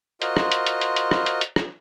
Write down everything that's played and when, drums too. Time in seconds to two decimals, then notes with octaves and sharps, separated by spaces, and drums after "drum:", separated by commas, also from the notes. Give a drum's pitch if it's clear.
0.22 F4 F#4 A#4 C5 D#5, drum: hi-hat
0.37 drum: rim click
0.52 drum: hi-hat
0.66 drum: hi-hat
0.81 drum: hi-hat
0.96 drum: hi-hat
1.11 drum: rim click
1.26 drum: hi-hat
1.41 drum: hi-hat
1.56 drum: rim click